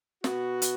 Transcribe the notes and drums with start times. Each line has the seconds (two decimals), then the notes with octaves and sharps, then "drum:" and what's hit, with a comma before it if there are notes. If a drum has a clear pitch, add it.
0.24 B2 B3 F#4, drum: snare
0.62 drum: hi-hat